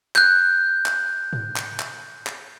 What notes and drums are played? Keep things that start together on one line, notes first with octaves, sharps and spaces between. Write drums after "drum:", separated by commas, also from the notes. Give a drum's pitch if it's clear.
F#6 G6, drum: clap
drum: clap
drum: tom G#2
drum: clap
drum: clap
drum: clap